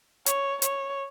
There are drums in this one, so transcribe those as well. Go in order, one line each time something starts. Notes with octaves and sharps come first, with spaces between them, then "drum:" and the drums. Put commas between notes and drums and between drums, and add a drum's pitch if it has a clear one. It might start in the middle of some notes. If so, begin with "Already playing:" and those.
C#5, drum: hi-hat
C#5, drum: hi-hat